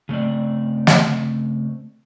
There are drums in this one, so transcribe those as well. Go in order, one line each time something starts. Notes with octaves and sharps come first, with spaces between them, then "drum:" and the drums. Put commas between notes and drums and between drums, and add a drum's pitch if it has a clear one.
C#3 A3 C4 D5
drum: snare